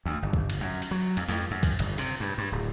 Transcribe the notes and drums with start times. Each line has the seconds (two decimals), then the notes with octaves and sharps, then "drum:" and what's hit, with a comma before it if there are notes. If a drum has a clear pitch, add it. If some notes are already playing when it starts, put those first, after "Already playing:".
0.06 D2
0.22 G1
0.33 drum: kick
0.50 drum: cymbal
0.60 F#2
0.82 drum: cymbal
0.91 F#3
1.17 F2, drum: cymbal
1.29 F2, drum: snare
1.51 F#2
1.63 drum: kick, cymbal
1.79 G1, drum: cymbal
1.98 C3, drum: cymbal
2.20 G2
2.38 G2
2.52 D1